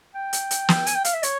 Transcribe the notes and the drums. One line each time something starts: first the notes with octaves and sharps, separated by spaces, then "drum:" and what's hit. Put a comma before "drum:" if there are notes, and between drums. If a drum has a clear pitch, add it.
G5
drum: hi-hat
drum: hi-hat
drum: snare
G#5, drum: hi-hat
G5
F5, drum: hi-hat
E5
C#5, drum: hi-hat